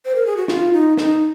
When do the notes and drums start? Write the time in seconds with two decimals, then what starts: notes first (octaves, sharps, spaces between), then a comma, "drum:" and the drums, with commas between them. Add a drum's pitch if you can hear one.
0.05 C5
0.15 A#4
0.26 G#4
0.37 F#4
0.48 F4, drum: snare
0.73 D#4
0.97 D#4, drum: snare